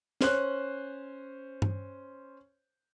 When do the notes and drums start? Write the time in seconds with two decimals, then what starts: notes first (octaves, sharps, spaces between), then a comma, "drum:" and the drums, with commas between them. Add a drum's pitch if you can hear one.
0.21 C#4 C5 F#6, drum: snare
1.62 drum: tom G2